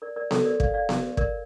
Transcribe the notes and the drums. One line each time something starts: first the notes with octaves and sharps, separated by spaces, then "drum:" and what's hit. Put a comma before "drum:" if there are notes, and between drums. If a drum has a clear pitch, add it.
A#4 D5
A#4 D5
A4 C#5, drum: snare B3
A#4 D5
D5 F5, drum: kick
D5 F5
drum: snare B3
A#4 D5, drum: kick